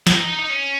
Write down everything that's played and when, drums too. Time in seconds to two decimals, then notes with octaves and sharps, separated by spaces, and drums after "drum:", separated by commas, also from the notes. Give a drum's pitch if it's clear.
0.07 C4, drum: snare
0.17 D#4
0.28 D#4
0.39 D#4
0.50 C#4